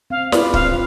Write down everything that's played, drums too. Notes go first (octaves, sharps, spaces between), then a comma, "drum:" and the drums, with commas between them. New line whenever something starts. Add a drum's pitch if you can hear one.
C4 F5
F4 B4 D5, drum: snare
C4 F5, drum: kick